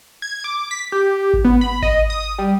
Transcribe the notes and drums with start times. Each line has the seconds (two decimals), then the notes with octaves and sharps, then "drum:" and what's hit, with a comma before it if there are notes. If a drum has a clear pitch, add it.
0.22 G#6
0.44 D6
0.71 B6
0.92 G4
1.34 drum: kick G#1
1.45 B3
1.61 B5
1.83 D#5, drum: kick G#1
2.10 D#6
2.39 G3